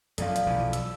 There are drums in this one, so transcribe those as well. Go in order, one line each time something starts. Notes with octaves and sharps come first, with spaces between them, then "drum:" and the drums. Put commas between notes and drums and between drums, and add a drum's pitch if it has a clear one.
F#2 A#2 F3 A4 D5 F5, drum: hi-hat
drum: hi-hat
B1 E3 F3
E6, drum: hi-hat